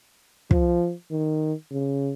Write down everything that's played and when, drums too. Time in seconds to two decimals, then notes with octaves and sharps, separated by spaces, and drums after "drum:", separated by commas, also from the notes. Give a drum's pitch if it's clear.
0.51 F3, drum: kick
1.11 D#3
1.71 C#3